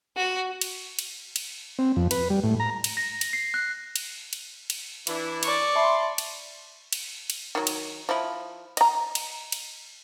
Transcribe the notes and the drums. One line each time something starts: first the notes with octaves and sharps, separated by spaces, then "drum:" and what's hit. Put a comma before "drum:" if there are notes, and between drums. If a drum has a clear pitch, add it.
F#4
drum: cymbal
drum: cymbal
drum: cymbal
C4
F2
B4, drum: cymbal
G3
A2
A#5
drum: cymbal
A#6
drum: cymbal
C7
F#6
drum: cymbal
drum: cymbal
drum: cymbal
E3 D4 E4, drum: cymbal
D5 C#6, drum: cymbal
E5 A5 B5 C6
drum: cymbal
drum: cymbal
drum: cymbal
D#3 F#3
drum: cymbal
F3 E4
D#5 A#5, drum: cymbal
drum: cymbal
drum: cymbal